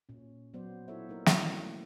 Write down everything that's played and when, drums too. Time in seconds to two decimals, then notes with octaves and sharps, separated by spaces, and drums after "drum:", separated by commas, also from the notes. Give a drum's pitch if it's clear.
0.09 A#2 C#4
0.54 F#3 B3 C5 D5
0.88 E4 F4 A4 C5 C#5 E5
1.09 A#3 D#4 A#4
1.26 F#3 A#3 C#4 E4, drum: snare
1.59 A3